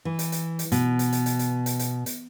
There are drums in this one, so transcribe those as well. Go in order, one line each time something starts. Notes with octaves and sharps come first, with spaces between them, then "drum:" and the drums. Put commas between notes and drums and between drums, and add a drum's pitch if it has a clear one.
E3
drum: hi-hat
drum: hi-hat
drum: hi-hat
B2, drum: hi-hat
drum: hi-hat
drum: hi-hat
drum: hi-hat
drum: hi-hat
drum: hi-hat
drum: hi-hat
drum: hi-hat